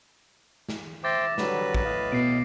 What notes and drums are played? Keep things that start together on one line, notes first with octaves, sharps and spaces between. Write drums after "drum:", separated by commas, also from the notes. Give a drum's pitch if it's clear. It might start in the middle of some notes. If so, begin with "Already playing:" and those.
drum: snare
C5 E5 G5 D6 A6 A#6
D3 F#3 G3 B4, drum: snare
drum: kick
A2 D#5 F5
B2 C7 D7